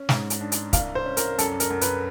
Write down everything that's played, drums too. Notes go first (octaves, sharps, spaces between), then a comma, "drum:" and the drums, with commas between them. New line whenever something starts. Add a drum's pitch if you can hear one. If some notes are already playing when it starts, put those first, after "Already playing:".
Already playing: C#4
G#2, drum: snare
drum: hi-hat
D4
drum: hi-hat
C2 F5, drum: kick, hi-hat
C5
C#4
A#4, drum: hi-hat
F#2 A4, drum: hi-hat
A#4, drum: hi-hat
F#2
B4, drum: hi-hat